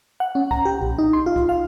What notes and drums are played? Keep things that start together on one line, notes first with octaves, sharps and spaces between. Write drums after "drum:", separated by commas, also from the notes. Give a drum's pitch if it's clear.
F#5
C#4
A#5, drum: kick C2
G4
A#1
D#4
C6
F4
drum: kick C2
F5